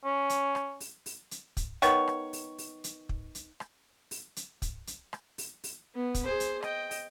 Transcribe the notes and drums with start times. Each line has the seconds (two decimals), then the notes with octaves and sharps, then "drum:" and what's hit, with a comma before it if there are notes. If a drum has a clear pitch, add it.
0.05 C#4
0.30 drum: hi-hat
0.55 drum: rim click
0.80 drum: open hi-hat
1.06 drum: open hi-hat
1.31 drum: hi-hat
1.57 drum: kick, hi-hat
1.82 D#3 B3 C#5, drum: hi-hat
2.08 drum: rim click
2.33 drum: open hi-hat
2.58 drum: open hi-hat
2.84 drum: hi-hat
3.09 drum: kick
3.35 drum: hi-hat
3.60 drum: rim click
4.11 drum: open hi-hat
4.36 drum: hi-hat
4.62 drum: kick, hi-hat
4.87 drum: hi-hat
5.13 drum: rim click
5.38 drum: open hi-hat
5.64 drum: open hi-hat
5.95 B3
6.14 drum: kick, hi-hat
6.24 G#4 C5
6.40 drum: hi-hat
6.63 D#5 G5, drum: rim click
6.91 drum: open hi-hat